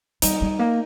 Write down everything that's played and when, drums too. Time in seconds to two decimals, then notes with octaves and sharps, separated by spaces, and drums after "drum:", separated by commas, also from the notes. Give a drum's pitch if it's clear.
0.22 G3 D#4, drum: hi-hat
0.42 G3
0.59 A#3